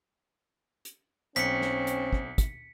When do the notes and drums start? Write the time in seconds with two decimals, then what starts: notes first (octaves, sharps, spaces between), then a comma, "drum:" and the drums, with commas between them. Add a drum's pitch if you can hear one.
0.85 drum: hi-hat
1.36 B1 C4 C#4 B6 C#7, drum: hi-hat
1.62 drum: snare
1.87 drum: hi-hat
2.13 drum: kick
2.38 drum: kick, hi-hat